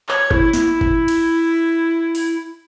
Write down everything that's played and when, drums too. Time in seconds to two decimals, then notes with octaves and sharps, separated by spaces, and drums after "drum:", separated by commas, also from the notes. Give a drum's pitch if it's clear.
0.09 C#5, drum: clap
0.31 E4, drum: kick F#1
0.53 E4, drum: snare
0.81 drum: kick F#1
1.08 drum: cymbal
2.15 drum: open hi-hat